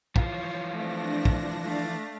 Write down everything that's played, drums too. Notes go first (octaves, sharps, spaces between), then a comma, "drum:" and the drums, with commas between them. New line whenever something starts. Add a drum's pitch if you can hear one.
E3 F3 F4 C#5, drum: kick
A3 C4 D4 A#6
drum: kick
A3 F5